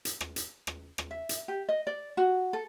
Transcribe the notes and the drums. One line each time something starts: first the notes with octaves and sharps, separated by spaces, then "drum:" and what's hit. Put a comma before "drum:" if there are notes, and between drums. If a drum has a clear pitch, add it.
drum: hi-hat
drum: rim click
drum: hi-hat
drum: rim click
drum: rim click
E5
drum: hi-hat
G4
D#5
D5
F#4
A4